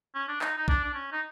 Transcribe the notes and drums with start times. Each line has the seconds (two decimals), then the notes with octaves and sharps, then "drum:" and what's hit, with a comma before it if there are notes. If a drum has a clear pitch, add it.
0.15 C#4
0.28 D4
0.41 D#4, drum: clap
0.57 D#4
0.68 D4, drum: kick A#1
0.84 D4
0.94 C#4
1.12 D#4